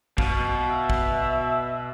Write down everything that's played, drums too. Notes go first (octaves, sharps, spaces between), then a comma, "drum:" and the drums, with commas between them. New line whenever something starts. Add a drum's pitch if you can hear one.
B2 F5, drum: kick A#1
E5
drum: kick A#1